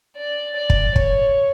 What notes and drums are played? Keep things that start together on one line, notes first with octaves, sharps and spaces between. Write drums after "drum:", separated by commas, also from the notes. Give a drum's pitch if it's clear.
D5
D5
drum: kick
C#5, drum: kick